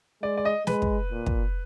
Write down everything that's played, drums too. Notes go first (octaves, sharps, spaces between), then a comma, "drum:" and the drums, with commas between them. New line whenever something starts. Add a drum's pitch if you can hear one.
G#3 D5
D5
D#5
G#3 B4, drum: snare
drum: kick
A#2
drum: kick